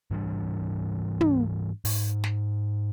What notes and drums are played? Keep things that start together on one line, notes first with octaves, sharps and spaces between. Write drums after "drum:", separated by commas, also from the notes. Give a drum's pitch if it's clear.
G#2 E3 G3 D4
drum: tom
G#2, drum: open hi-hat
drum: snare